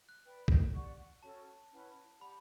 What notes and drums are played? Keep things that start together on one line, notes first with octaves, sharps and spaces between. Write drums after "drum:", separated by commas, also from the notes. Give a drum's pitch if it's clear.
F#6
B4 D5 G5
drum: kick B1
G4 D5 F#5 C#6
C#4 F#4 A4 C#5 A5
C#4 E4 B4 F#5
G4 D5 F#5 B5